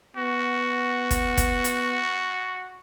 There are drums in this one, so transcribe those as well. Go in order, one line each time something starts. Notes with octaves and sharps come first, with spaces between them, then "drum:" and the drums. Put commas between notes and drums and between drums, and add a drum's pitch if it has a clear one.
B3 F#4
drum: kick, hi-hat
drum: kick, hi-hat
drum: hi-hat